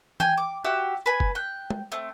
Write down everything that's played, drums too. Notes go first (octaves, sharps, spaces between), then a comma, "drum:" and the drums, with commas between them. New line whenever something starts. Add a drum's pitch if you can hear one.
G5 G#5, drum: tom E3
D6
F#4 G4 E5
B4 G#5
drum: kick F#1
G5 F#6
drum: tom
A3 C4